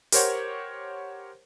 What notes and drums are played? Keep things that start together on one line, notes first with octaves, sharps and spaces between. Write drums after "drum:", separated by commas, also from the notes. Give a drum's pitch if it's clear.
G4 A#4 C5 C#5 F#5, drum: open hi-hat